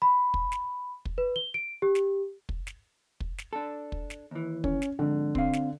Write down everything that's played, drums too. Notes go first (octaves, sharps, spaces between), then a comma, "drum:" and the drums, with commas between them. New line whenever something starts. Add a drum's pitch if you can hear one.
B5
drum: kick
drum: snare
drum: kick
B4
G7
D7
G4
drum: snare
drum: kick
drum: snare
drum: kick
drum: snare
D4 A4
drum: kick
drum: snare
D#2 E3
C#4, drum: kick
drum: snare
F2 G#2 D3
C4 F5, drum: kick
drum: snare